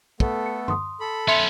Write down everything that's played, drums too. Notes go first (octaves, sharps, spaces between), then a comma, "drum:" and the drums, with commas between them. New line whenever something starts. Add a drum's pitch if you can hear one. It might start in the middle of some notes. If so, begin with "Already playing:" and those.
A3 B3 A4, drum: kick
C#7
C6 D#6, drum: tom G2
A4 B5
B3 C#4 E5 C6 C#7